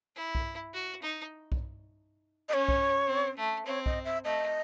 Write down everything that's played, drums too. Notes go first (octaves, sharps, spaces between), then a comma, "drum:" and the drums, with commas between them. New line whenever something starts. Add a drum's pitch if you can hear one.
E4
drum: kick B1
F#4
D#4
drum: kick B1
C#4 C#5 D#5
drum: kick B1
C4
A3
C4 C#5
D#5, drum: kick B1
E5
A3 D#5